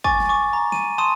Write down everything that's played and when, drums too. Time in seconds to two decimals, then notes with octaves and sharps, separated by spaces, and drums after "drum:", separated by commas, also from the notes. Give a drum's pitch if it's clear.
0.04 G#5 C#6 D6 A6, drum: kick
0.20 drum: snare
0.29 C#6 D6
0.53 A#5
0.72 D#7, drum: snare
0.98 A5 C6 D#6 D#7